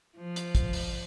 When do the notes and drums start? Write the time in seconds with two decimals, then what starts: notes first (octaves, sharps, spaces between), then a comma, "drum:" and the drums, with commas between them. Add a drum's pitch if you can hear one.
0.18 F3
0.36 drum: hi-hat
0.55 drum: kick, hi-hat
0.73 drum: open hi-hat